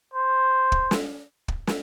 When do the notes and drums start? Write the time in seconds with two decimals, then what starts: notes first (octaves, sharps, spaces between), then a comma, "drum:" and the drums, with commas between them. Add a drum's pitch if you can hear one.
0.14 C5
0.72 drum: kick
0.91 drum: snare
1.48 drum: kick
1.67 drum: snare